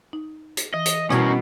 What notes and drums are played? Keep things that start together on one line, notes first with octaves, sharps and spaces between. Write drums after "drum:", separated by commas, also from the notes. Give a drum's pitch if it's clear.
D#4
drum: hi-hat
E3 D#5
drum: hi-hat
B2 G3 C#4 E4 A#4 C#6, drum: rim click